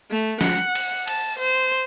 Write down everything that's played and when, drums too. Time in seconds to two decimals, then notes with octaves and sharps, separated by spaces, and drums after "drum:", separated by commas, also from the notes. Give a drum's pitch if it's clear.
0.11 A3
0.41 F#5, drum: snare
0.75 drum: cymbal
1.07 A5, drum: cymbal
1.39 C5